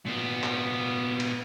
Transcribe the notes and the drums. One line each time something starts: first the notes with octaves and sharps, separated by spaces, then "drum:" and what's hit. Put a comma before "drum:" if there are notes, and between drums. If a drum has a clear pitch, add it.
A#2 B3
drum: clap
drum: cymbal